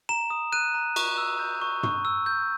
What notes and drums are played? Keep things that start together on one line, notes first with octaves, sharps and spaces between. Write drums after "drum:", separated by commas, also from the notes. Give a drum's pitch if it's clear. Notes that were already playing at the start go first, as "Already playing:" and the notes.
A#5 E7
D#6
F#6 D#7
A#5
C#6, drum: cymbal
E6
G6
C#6
C#6, drum: tom
E6
G6